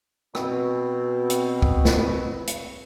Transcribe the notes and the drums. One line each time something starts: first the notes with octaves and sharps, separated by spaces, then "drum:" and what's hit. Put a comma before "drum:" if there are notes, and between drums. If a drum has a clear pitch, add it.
B2 C4, drum: rim click
drum: hi-hat
drum: kick
drum: snare
drum: hi-hat